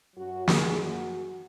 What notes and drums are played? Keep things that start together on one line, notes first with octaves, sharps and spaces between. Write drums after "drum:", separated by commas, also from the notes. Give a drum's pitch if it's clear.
F#2 F#3 F#4
G#4, drum: snare
F#4